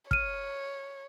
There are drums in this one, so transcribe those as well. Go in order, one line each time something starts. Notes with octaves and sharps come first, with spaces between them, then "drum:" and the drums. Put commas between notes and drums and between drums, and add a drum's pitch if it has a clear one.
C#5 F6 D#7, drum: kick